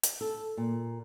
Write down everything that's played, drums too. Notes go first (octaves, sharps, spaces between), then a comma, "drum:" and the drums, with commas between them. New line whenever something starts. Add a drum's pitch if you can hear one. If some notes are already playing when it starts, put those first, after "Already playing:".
drum: hi-hat
A4
A#2